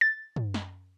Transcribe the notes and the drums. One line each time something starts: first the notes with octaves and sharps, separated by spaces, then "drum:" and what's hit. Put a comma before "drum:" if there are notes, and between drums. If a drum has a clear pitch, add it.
A6
drum: tom
drum: snare